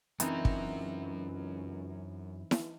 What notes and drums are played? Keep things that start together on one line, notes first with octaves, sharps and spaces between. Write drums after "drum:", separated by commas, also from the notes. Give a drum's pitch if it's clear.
C#2 F#2 E3 C4 D#4 A#4, drum: hi-hat
drum: kick
drum: snare E4